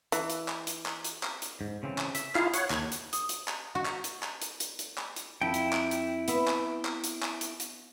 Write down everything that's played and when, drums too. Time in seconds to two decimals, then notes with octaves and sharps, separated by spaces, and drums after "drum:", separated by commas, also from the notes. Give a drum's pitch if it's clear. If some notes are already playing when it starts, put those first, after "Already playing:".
0.12 E3, drum: hi-hat
0.30 drum: hi-hat
0.48 drum: clap
0.67 drum: hi-hat
0.86 drum: clap
1.04 drum: hi-hat
1.23 drum: clap
1.42 drum: hi-hat
1.61 G#2
1.83 C#3 E3 C4
1.98 drum: clap
2.15 E5, drum: hi-hat
2.35 E4 F4 G#4 F5, drum: clap
2.54 C#5 F#5, drum: hi-hat
2.70 D#2 G#6, drum: clap
2.92 drum: hi-hat
3.13 D#6, drum: hi-hat
3.29 drum: hi-hat
3.48 drum: clap
3.75 F#4
3.85 drum: clap
4.04 drum: hi-hat
4.23 drum: clap
4.42 drum: hi-hat
4.60 drum: hi-hat
4.79 drum: hi-hat
4.98 drum: clap
5.16 drum: hi-hat
5.42 F2 E4 G5
5.54 drum: hi-hat
5.73 drum: clap
5.91 drum: hi-hat
6.28 B3 E5, drum: hi-hat
6.47 drum: clap
6.85 drum: clap
7.04 drum: hi-hat
7.22 drum: clap
7.41 drum: hi-hat
7.60 drum: hi-hat